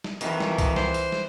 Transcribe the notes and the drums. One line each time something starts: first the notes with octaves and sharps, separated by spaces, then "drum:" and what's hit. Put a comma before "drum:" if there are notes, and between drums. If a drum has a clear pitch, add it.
drum: snare
F2 B2 D#3 E3, drum: hi-hat
drum: snare
drum: kick C2, hi-hat
C5, drum: snare
drum: hi-hat
drum: snare